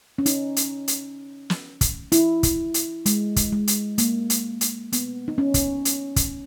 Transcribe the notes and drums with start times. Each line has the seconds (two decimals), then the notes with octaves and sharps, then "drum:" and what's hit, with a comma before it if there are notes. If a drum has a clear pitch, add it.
0.18 C#4
0.26 D#4, drum: hi-hat
0.56 drum: hi-hat
0.88 drum: hi-hat
1.50 drum: snare
1.81 drum: kick, hi-hat
2.12 E4, drum: hi-hat
2.43 drum: kick, hi-hat
2.74 drum: hi-hat
3.06 G#3, drum: hi-hat
3.36 drum: kick, hi-hat
3.52 G#3
3.67 drum: hi-hat
3.98 A#3, drum: hi-hat
4.30 drum: hi-hat
4.61 drum: hi-hat
4.92 B3, drum: hi-hat
5.28 D#4
5.38 C#4
5.54 drum: kick, hi-hat
5.85 drum: hi-hat
6.16 drum: kick, hi-hat